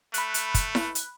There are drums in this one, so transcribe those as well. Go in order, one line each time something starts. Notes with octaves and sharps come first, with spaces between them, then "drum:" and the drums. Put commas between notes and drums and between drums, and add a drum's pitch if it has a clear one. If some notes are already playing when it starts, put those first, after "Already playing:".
A3 B5 F#6, drum: hi-hat
drum: hi-hat
drum: kick, hi-hat
drum: snare E4
drum: hi-hat